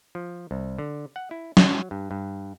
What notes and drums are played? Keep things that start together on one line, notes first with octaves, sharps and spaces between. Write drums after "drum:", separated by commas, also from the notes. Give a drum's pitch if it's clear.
F3
C2
D3
F#5
E4
F#3, drum: snare
G2
G2